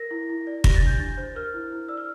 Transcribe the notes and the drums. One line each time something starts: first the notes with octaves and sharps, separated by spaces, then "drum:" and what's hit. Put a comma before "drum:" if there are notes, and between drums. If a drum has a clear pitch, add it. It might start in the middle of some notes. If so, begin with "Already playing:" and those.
Already playing: A#4 A#6
E4
E4
D5
G4 A#6, drum: kick
A6
D4 G6
D4 A6
C5
A#4 F6
E4
E4
D5 E6
F6